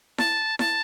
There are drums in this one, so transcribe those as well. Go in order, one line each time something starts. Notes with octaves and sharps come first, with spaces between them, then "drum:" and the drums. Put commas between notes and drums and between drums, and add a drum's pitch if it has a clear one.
A5, drum: snare E4
A5, drum: snare E4